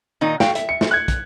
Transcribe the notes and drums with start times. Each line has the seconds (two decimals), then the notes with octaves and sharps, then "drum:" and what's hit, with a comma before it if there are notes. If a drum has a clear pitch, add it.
0.21 A#2 D#3 D#4
0.40 F#4 F5 G5, drum: snare
0.55 E5, drum: hi-hat
0.69 C#7
0.81 drum: snare
0.91 F#6 G#6
1.08 drum: kick, hi-hat